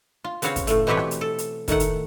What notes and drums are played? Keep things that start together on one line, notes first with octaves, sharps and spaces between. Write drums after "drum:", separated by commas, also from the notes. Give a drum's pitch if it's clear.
F4
C#3 B3 C4 F#4 C#5 F5, drum: hi-hat
drum: kick, hi-hat
A2 A3, drum: hi-hat
B2 E3 C4 G4 B4 C#5
drum: rim click
drum: hi-hat
A4
drum: hi-hat
A2 D#3 A3 F#5, drum: kick, hi-hat
drum: hi-hat